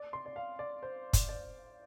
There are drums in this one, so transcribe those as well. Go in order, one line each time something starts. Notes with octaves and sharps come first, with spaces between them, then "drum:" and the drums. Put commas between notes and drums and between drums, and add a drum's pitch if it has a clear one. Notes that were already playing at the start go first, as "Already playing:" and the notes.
Already playing: D5
C6
D5
F5
D5
C5
drum: kick, hi-hat
D5